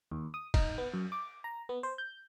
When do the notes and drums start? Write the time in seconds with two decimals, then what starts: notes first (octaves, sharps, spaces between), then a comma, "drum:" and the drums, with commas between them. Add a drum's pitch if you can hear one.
0.11 D#2
0.34 D#6
0.54 D#4, drum: kick, cymbal
0.78 B3
0.94 F#2
1.12 D6
1.44 A#5
1.69 B3
1.83 C5
1.98 G6